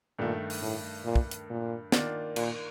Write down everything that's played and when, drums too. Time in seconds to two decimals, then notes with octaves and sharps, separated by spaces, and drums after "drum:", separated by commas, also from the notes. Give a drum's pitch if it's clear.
0.19 G2 A#2 D#3 A3
0.50 drum: open hi-hat
0.62 A2
1.05 A#2
1.16 drum: kick
1.31 drum: hi-hat
1.50 A#2
1.92 D#3 A#3 D4 F4, drum: snare
2.36 A#2, drum: cymbal